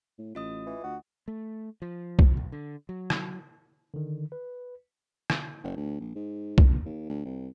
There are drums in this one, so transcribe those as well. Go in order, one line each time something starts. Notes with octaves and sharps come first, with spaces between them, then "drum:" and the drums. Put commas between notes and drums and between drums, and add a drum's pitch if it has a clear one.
A2
A1 F4 D#5 D#6
E3
D2 F#4
A3
F3
drum: kick B1
B1
D3
F#3
drum: rim click
D3 D#3
B4
drum: rim click
F#1
D2
A#1
G#2
drum: kick B1
A#1
D#2
D2
C2